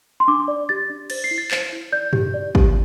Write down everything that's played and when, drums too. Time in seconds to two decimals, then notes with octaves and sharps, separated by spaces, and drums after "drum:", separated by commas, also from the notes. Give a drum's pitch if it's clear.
0.20 C6
0.28 D4 D6
0.48 D5
0.69 G4 A6
0.90 D4
1.10 C5 A6, drum: cymbal
1.24 C7
1.31 E4
1.38 A6
1.51 C5 A6, drum: clap
1.72 E4
1.92 D5 G6
2.13 G4, drum: tom G2
2.34 D5
2.55 G4, drum: kick